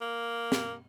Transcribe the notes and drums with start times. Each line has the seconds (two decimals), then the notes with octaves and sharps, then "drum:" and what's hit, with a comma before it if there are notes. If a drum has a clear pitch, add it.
0.01 A#3
0.52 drum: snare